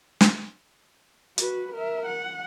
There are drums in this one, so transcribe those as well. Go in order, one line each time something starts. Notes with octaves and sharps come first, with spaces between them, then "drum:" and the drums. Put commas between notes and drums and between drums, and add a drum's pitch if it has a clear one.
drum: snare
F#4 B4, drum: hi-hat
A#4 E5
F#5